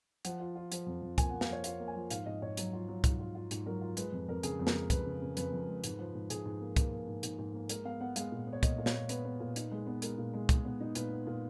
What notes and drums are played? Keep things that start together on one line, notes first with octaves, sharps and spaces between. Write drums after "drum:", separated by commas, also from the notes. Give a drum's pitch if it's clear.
F3 F#5, drum: hi-hat
F4
F4
F3, drum: hi-hat
F2
F2
A#3 G#5, drum: kick, hi-hat
F#5
A#3
F5, drum: snare
F3 C#5
F4 F5, drum: hi-hat
A#3
G#5
F3
G#2 F5, drum: hi-hat
G#2 D#5
G#2 C#5
F#3, drum: hi-hat
F4
F#3
G#2, drum: kick, hi-hat
F4
F4
G#2, drum: hi-hat
F#3 A#4
F4
G#3 B4, drum: hi-hat
F2
F2 A#4
C#3 G#4, drum: hi-hat
F2
A#4, drum: snare
G#3
F2 B4, drum: kick, hi-hat
C#3
C#3
F2 B4, drum: hi-hat
F2
G#3
G#2, drum: hi-hat
F3
G#2
G#2 G#4, drum: hi-hat
G#2
A#3
A#3, drum: kick, hi-hat
A#3
G#2
G#2, drum: hi-hat
G#2
A#3
G#3 A#4, drum: hi-hat
B3 F5
B3 F#5
G#3 F5, drum: hi-hat
A#2
B3
C#5
A#2 D#5, drum: kick, hi-hat
A#2
C#5, drum: snare
B3
B3 B4, drum: hi-hat
B3
A#2
D#4, drum: hi-hat
G#3
B3
G#3 A#4, drum: hi-hat
A#2
G#3
G#3, drum: kick, hi-hat
B3
D#4
A#2 B4, drum: hi-hat
B3
A#2